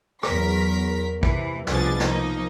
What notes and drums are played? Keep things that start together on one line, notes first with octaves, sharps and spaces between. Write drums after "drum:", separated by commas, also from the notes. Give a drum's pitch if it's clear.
E2 F#3 A#4 B6, drum: rim click
C3 E3, drum: kick
C2 B2 F3 D4 G#4 A6, drum: snare
F3 A#3 D#4, drum: snare